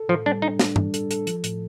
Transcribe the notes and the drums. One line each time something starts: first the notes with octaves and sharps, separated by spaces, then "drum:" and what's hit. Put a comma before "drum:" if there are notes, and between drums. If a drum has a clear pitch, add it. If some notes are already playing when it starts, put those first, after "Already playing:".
Already playing: A4
A2 F3
G3 D4
D4 D#4
D4, drum: snare
G3, drum: tom G2
A4, drum: hi-hat
A4, drum: hi-hat
F3, drum: hi-hat
A2, drum: hi-hat